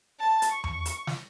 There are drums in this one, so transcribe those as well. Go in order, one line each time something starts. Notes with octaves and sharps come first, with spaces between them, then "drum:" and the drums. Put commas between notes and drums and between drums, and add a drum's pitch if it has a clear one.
A5
drum: hi-hat
C#6
drum: tom E2
drum: hi-hat
drum: snare